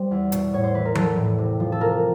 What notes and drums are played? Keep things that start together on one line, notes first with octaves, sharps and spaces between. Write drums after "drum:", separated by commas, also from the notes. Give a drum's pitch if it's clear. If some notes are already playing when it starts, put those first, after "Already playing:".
Already playing: G3 C5
E2
B2, drum: hi-hat
A2 C#5
C5
E3 B4
A#4
E3 A4, drum: tom F3
A2
C3
F3
A4
C3 A#4